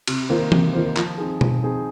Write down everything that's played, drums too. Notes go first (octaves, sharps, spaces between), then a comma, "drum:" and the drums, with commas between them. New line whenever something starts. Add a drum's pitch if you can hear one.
C3, drum: cymbal
D#3 A#3 F4 C5
C3, drum: tom E3
D#3 A#3 F4 C5
F3, drum: clap
C4 D#4 G#4
F3, drum: tom B2
C4 D#4 G#4